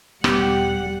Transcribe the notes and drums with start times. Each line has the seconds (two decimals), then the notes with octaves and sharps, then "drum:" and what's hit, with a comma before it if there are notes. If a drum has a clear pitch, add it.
0.24 E1 G3 B3 G4 F#5, drum: rim click